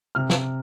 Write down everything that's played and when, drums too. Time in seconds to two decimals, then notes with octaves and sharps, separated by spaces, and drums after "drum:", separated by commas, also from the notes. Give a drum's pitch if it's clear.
0.15 C3 F6
0.30 drum: snare